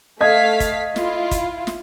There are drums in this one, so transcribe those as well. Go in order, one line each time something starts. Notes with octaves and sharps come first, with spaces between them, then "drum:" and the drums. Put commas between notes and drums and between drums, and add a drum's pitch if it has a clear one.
A3 D#5 F5 G#6 B6
drum: kick, hi-hat
E4 F4, drum: snare
drum: kick, hi-hat
drum: snare